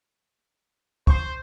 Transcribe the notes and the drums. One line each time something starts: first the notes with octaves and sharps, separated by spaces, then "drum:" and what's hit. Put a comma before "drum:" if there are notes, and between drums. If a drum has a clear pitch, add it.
C5 C6 C#6, drum: kick